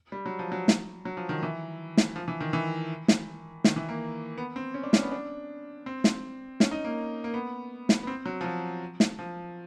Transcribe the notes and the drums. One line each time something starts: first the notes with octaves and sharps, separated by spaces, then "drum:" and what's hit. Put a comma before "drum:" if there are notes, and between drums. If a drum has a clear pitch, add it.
G3
F#3
F3
F#3
drum: snare
F#3
F3
D#3
E3
drum: snare
F3
E3
D#3
E3
drum: snare
D#3, drum: snare
E3
A#3
B3
C4
C#4
D4
C#4, drum: snare
B3
D4
C4
drum: snare
C#4, drum: snare
D#4
A#3
A#3
B3
drum: snare
B3
C4
F#3
F3
F#3
drum: snare
F3